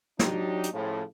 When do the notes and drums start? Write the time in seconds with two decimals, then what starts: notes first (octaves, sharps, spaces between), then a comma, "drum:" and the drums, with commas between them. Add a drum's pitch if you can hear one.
0.19 F#3 D4 D#4 G4, drum: snare
0.63 drum: hi-hat
0.73 A2 C#3 F3